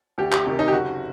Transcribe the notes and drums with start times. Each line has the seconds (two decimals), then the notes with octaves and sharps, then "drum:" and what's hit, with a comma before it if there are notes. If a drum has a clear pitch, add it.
0.18 D2 G4
0.32 G4, drum: clap
0.46 C3 D#3
0.59 D#4
0.68 G4
0.72 F#1 F#4